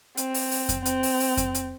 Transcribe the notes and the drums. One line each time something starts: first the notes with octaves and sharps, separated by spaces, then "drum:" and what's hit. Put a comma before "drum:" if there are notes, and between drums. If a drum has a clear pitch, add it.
C4, drum: hi-hat
drum: open hi-hat
drum: open hi-hat
drum: kick F2, hi-hat
C4, drum: hi-hat
drum: open hi-hat
drum: open hi-hat
drum: kick F2, hi-hat
drum: hi-hat